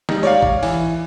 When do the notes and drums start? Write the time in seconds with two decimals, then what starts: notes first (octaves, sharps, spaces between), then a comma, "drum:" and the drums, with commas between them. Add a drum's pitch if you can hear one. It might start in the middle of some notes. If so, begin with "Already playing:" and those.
0.09 G3 D#4, drum: snare
0.23 C#5 D5 F5, drum: tom G#3
0.42 drum: kick
0.63 E3, drum: open hi-hat